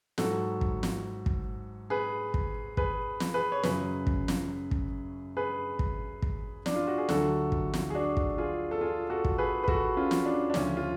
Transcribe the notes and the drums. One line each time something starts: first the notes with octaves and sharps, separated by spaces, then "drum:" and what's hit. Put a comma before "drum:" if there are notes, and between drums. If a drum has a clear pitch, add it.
G#2 F#3 F#4 A4, drum: snare
drum: kick
drum: snare
drum: kick
G#4 B4
drum: kick
G#4 B4, drum: kick
drum: snare
G#4 B4
C#5
F#2 C#3 F#3 G#4 B4, drum: snare
drum: kick
drum: snare
drum: kick
G#4 B4
drum: kick
drum: kick
D4, drum: snare
F4
F#4
G#4
D2 D3 F#3 F#4 A4, drum: snare
drum: kick
drum: snare
G#4
D4 F#4
drum: kick
F4 G#4
A4
F4 G#4
F#4 A4
drum: kick
G#4 B4
B4
F#4 A4, drum: kick
C#4 F4
drum: snare
D4
D4
D2 C#3 F3 C#4 F4, drum: snare
F4